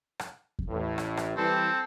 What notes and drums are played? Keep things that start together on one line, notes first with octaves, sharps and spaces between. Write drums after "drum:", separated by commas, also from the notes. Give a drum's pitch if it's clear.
drum: rim click
drum: kick E2
A1 A2
drum: rim click
drum: rim click
E3 G3 C4 A4